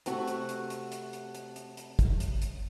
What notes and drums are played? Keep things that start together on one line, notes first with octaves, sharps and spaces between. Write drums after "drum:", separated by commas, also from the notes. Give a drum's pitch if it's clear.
C3 A3 F#4, drum: hi-hat
drum: hi-hat
drum: hi-hat
drum: hi-hat
drum: hi-hat
drum: hi-hat
drum: hi-hat
drum: hi-hat
drum: hi-hat
drum: kick, hi-hat
drum: hi-hat
drum: hi-hat